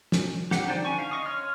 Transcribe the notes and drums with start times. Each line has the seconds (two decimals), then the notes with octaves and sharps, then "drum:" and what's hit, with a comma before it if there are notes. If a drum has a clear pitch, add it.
0.12 drum: snare
0.51 G4 F#5, drum: snare
0.67 D3 D#4 C5 D5 G5
0.85 D3 C#4 G#5 C#6
0.99 F5
1.11 D#5 C#6 D#6
1.26 C#5 C6 F6